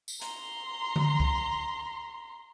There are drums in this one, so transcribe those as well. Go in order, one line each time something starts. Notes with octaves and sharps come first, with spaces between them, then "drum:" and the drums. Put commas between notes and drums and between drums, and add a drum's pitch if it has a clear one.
drum: tambourine
A#5 C6, drum: hi-hat
drum: tom D3
drum: kick C#2